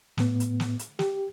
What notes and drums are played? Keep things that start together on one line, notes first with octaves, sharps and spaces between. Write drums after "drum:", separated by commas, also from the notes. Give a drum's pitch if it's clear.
A2 B3, drum: snare
drum: hi-hat
drum: snare
drum: hi-hat
G4, drum: snare